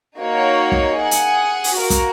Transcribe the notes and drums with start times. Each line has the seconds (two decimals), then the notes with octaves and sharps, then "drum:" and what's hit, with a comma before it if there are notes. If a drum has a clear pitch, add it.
0.19 A#3 D#4 F#4 C#5
0.72 drum: kick
0.98 G#4 F#5
1.11 drum: hi-hat
1.64 drum: open hi-hat
1.78 A#3 F#4 A#4
1.90 drum: kick, hi-hat